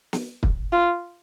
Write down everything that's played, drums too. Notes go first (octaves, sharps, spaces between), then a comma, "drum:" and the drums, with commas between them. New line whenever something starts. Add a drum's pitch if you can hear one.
drum: snare
drum: kick
F4